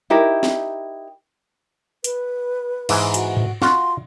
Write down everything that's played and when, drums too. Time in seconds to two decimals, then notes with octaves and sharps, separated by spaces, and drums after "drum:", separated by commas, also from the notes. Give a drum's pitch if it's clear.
0.10 D#4 E4 G4 A#4
0.43 drum: snare
2.04 B4, drum: hi-hat
2.89 G#2 E3, drum: cymbal
3.14 F#4, drum: hi-hat
3.37 drum: tom G#2
3.62 F4 F#4 C6, drum: snare